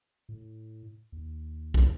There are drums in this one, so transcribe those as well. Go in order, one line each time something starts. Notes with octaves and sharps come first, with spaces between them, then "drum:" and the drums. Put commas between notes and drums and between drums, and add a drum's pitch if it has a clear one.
A2
D#2
drum: kick B1